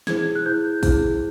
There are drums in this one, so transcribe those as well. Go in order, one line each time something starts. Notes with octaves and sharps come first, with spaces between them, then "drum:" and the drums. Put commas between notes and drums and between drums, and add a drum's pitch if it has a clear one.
E4 G#4 C5 G#6, drum: snare
F#6
E4 G#4 C5 G6
E4 G#4 C5, drum: kick, open hi-hat